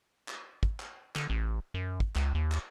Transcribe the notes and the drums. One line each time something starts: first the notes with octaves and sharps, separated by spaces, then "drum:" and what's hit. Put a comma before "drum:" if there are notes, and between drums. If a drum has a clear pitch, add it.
drum: clap
drum: kick
drum: clap
D3, drum: clap
A1
F#2
drum: kick
C#2, drum: clap
D#2
drum: clap